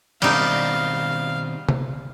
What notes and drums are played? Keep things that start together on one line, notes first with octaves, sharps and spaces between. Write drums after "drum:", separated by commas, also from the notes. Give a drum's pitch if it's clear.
B2 D#3 G3 C4 D#4 A#4 F5, drum: cymbal
drum: tom C3